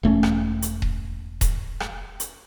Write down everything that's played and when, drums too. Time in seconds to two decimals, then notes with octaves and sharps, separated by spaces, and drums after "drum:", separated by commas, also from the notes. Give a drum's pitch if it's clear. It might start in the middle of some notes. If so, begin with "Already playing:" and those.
0.03 E1 A3 B3 C#4
0.23 drum: rim click
0.62 drum: hi-hat
0.82 drum: kick D#1
1.41 drum: kick D#1, hi-hat
1.80 drum: rim click
2.20 drum: hi-hat